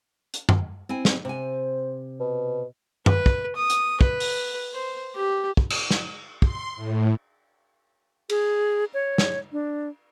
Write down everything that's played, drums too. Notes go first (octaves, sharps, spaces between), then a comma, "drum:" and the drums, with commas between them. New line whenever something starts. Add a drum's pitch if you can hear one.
drum: hi-hat
drum: tom F#2
C4 E4 G#5
drum: snare
C3 C5 G#5
B2
B4, drum: tom F#2
drum: kick
D#6
drum: hi-hat
B4, drum: kick
drum: open hi-hat
C5
G4
drum: kick
drum: cymbal
drum: snare
C6, drum: kick
A2
G#4, drum: cymbal
C#5
drum: snare
D4